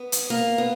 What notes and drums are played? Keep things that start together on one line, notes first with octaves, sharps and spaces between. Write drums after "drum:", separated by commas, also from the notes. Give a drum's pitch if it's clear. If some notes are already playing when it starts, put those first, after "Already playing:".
Already playing: B3
drum: hi-hat
A#3
B3